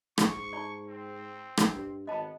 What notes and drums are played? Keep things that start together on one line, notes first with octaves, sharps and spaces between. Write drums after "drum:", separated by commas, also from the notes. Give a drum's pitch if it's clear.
G#2 C#6, drum: rim click
D#4 E4 D5
C4
drum: rim click
G2
G#1 B3 D#5 A5